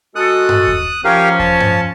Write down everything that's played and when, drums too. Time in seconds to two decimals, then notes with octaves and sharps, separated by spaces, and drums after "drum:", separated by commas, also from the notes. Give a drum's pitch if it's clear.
0.16 G#3 F#4 A4 D#6 F#6
0.49 drum: tom G2
0.67 drum: kick D#2
1.05 F3 C#4 G4 A#4 F5
1.39 A5, drum: kick D#2
1.60 drum: tom G2